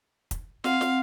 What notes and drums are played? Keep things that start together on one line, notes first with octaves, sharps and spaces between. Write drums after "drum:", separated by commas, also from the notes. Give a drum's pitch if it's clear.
drum: kick, hi-hat
C4 F5 F#5, drum: snare
drum: snare